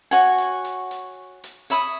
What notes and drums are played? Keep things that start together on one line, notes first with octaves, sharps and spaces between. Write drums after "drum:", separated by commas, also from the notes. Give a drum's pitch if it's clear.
F#4 C#5 G#5, drum: hi-hat
drum: hi-hat
drum: hi-hat
drum: hi-hat
drum: hi-hat
C#5 E5 B5 D#6, drum: hi-hat